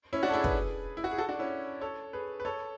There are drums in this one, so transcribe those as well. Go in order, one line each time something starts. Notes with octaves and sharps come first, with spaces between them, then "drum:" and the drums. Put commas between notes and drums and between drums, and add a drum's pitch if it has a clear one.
C#4 E4
D4 F#4
A4
E4 G#4
G#4 B4, drum: kick
E4
F#4
G#4
F#4 A4
D4 F#4
C#4 E4
A4 C#5
G#4 B4
B4
A4 C#5